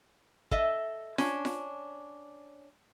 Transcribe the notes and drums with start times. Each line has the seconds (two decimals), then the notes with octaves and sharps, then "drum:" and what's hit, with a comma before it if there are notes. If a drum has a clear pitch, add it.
0.51 A4 D#5 E5, drum: kick
1.18 C#4 D4, drum: snare F4
1.45 drum: snare F4